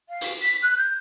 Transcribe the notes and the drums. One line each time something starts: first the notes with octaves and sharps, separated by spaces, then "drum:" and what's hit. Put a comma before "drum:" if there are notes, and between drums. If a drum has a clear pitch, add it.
F5
drum: open hi-hat
B6
F#6
G6